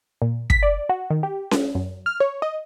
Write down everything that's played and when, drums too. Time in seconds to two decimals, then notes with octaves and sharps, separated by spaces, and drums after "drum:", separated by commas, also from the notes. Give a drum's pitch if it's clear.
0.22 A#2
0.50 B6, drum: kick
0.63 D5
0.89 F#4
1.10 D#3
1.23 G4
1.51 drum: snare C#4
1.75 F#2
2.06 F6
2.20 C#5
2.42 D#5